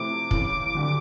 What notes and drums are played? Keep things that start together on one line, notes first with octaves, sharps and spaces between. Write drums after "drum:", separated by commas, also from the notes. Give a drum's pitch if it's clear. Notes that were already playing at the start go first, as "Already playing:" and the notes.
Already playing: C3 F3 A3 C4 E4 D6
D#2 C#3 E3, drum: kick
D2 D3 G3